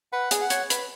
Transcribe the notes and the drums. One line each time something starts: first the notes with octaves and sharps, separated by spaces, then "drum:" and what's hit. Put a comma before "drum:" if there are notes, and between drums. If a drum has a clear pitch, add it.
B4 F#5
G#4, drum: hi-hat
F#5
C#5, drum: hi-hat
B4, drum: hi-hat